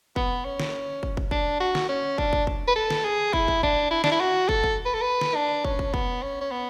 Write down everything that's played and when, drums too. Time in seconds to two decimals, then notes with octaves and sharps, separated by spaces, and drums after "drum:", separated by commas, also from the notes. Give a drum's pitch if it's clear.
0.16 B3, drum: kick
0.45 C#4
0.60 drum: snare
1.03 drum: kick
1.17 drum: kick
1.31 D4, drum: kick
1.60 F#4
1.75 drum: snare
1.89 C#4
2.18 D4, drum: kick
2.33 drum: kick
2.47 drum: kick
2.68 B4
2.76 A4
2.90 drum: snare
3.05 G#4
3.33 E4, drum: kick
3.48 drum: kick
3.63 D4, drum: kick
3.91 E4
4.04 D4, drum: snare
4.11 E4
4.21 F#4
4.49 A4, drum: kick
4.64 drum: kick
4.85 B4
4.94 A4
5.01 B4
5.21 drum: snare
5.35 D4
5.65 C#4, drum: kick
5.79 drum: kick
5.94 B3, drum: kick
6.23 C#4
6.41 C#4
6.51 B3